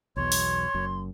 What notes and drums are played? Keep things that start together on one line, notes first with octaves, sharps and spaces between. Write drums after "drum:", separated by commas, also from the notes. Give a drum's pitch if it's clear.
B1 E2 B2 C#5 C6
drum: open hi-hat
F#1 F#2